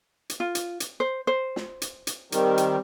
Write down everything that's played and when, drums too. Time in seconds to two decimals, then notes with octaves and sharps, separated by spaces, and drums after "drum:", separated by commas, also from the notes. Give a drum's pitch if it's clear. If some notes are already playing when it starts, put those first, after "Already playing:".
0.30 drum: hi-hat
0.40 F4
0.55 drum: hi-hat
0.80 drum: hi-hat
1.00 C5
1.27 C5
1.56 drum: snare
1.82 drum: hi-hat
2.07 drum: hi-hat
2.32 D#3 G3 C4 G4, drum: hi-hat
2.58 drum: hi-hat